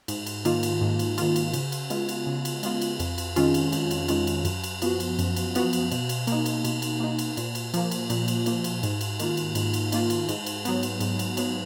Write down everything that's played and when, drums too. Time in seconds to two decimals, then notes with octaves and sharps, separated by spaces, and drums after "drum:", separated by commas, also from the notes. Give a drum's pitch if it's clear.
0.08 G#2, drum: cymbal
0.26 drum: cymbal
0.45 D#3 A#3 F4, drum: cymbal
0.63 drum: cymbal
0.81 G#2
0.99 drum: cymbal
1.18 D#3 A#3 F4, drum: cymbal
1.36 drum: cymbal
1.53 C#3, drum: cymbal
1.72 drum: cymbal
1.90 G#3 B3 F4, drum: cymbal
2.09 drum: cymbal
2.26 C#3
2.45 drum: cymbal
2.63 G#3 B3 F4, drum: cymbal
2.81 drum: cymbal
3.00 F2, drum: cymbal
3.18 drum: cymbal
3.36 D#3 G#3 C#4 F4, drum: cymbal
3.54 drum: cymbal
3.72 F2, drum: cymbal
3.91 drum: cymbal
4.08 D#3 G#3 C#4 F4, drum: cymbal
4.27 drum: cymbal
4.45 F#2, drum: cymbal
4.64 drum: cymbal
4.82 F3 B3 F#4, drum: cymbal
5.00 drum: cymbal
5.19 F#2, drum: cymbal
5.36 drum: cymbal
5.55 F3 B3 F#4, drum: cymbal
5.73 drum: cymbal
5.91 B2, drum: cymbal
6.09 drum: cymbal
6.27 A#3 D#4, drum: cymbal
6.46 drum: cymbal
6.64 B2, drum: cymbal
6.82 drum: cymbal
7.00 A#3 D#4
7.19 drum: cymbal
7.37 A#2, drum: cymbal
7.55 drum: cymbal
7.74 F3 A#3, drum: cymbal
7.91 drum: cymbal
8.10 A#2, drum: cymbal
8.28 drum: cymbal
8.46 F3 A#3, drum: cymbal
8.64 drum: cymbal
8.83 G#2, drum: cymbal
9.01 drum: cymbal
9.19 D#3 A#3 F4, drum: cymbal
9.37 drum: cymbal
9.55 G#2, drum: cymbal
9.74 drum: cymbal
9.92 D#3 A#3 F4, drum: cymbal
10.10 drum: cymbal
10.29 G#2, drum: cymbal
10.46 drum: cymbal
10.65 F#3 B3, drum: cymbal
10.83 drum: cymbal
11.00 G#2, drum: cymbal
11.19 drum: cymbal
11.37 F#3 B3, drum: cymbal